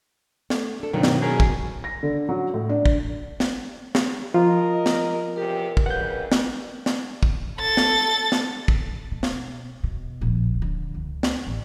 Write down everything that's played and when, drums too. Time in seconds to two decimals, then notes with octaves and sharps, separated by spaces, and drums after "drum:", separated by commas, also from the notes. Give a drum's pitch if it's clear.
0.50 A3, drum: snare
0.80 D4 A4
0.93 C2 G2 B2 D#3 F#3
1.03 drum: snare
1.22 C#4 G#4 A#4
1.40 drum: kick
1.84 A#6
2.03 D3
2.29 F#3
2.54 A2
2.69 D4
2.86 drum: kick
3.40 drum: snare
3.95 drum: snare
4.34 F3 F4 A#4 D#5 A#5
4.86 drum: snare
5.36 E2 C3 G4 A#4
5.77 drum: kick
5.86 F2 C#3 B4 F#5 G6
6.32 drum: snare
6.86 drum: snare
7.23 drum: kick
7.59 A4 A6
7.77 drum: snare
8.32 drum: snare
8.68 drum: kick
9.11 B2
9.23 drum: snare
9.84 B2
10.21 D1 A#1
10.62 D3
10.94 C#2
11.23 drum: snare
11.46 A1